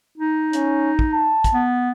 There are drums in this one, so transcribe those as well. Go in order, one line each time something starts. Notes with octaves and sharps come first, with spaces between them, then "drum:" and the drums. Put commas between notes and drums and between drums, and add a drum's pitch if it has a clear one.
D#4
C#4, drum: hi-hat
drum: kick
A5
drum: kick, hi-hat
B3